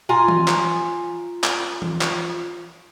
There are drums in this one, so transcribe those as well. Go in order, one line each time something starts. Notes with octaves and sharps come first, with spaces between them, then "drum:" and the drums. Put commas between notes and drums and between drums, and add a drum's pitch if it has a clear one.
F4 G#5 A#5
drum: tom E3
drum: clap
drum: clap
drum: tom E3
drum: clap